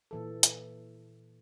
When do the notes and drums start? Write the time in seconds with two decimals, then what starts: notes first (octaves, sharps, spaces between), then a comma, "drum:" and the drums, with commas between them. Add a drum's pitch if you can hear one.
0.11 A#2 E3 A4
0.43 drum: hi-hat